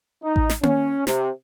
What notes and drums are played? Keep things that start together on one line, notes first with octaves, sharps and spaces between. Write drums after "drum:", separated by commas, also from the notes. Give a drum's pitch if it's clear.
D#4
drum: kick A1
drum: snare
C#4, drum: tom A#3
C3, drum: snare